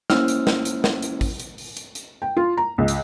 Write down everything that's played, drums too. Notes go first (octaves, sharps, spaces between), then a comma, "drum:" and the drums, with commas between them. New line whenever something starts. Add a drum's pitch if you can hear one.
A#3 C#4 E4 C5 E6 F6, drum: snare
drum: hi-hat
drum: snare
drum: hi-hat
drum: snare
drum: hi-hat
drum: kick, open hi-hat
drum: hi-hat
drum: open hi-hat
drum: hi-hat
drum: hi-hat
G5
F4
A#5
C#2
drum: hi-hat